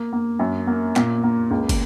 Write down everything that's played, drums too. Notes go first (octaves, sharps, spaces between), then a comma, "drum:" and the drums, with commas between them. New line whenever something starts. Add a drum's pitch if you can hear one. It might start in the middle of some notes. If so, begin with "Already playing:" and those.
Already playing: A#3
A#3
F#2
A#3
A#2, drum: clap
A#3
C#2
drum: kick, cymbal